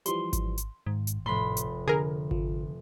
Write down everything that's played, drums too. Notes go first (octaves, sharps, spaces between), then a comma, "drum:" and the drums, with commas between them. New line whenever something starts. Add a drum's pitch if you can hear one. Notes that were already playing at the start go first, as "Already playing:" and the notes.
E3 F3 G3 C6, drum: hi-hat
drum: kick G#1, hi-hat
drum: hi-hat
G#1 G#2
drum: hi-hat
F1 A2 B5 C6
drum: hi-hat
D3 G#4 A#4
F3, drum: kick G#1